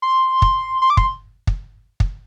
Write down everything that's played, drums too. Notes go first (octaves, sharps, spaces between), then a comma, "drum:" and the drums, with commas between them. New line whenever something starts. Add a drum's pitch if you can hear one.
C6
drum: kick
C6
D6
C6, drum: kick
drum: kick
drum: kick